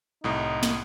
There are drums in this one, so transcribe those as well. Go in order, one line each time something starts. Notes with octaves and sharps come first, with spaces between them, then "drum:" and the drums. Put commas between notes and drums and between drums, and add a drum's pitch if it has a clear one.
C2 A2 D#4
drum: snare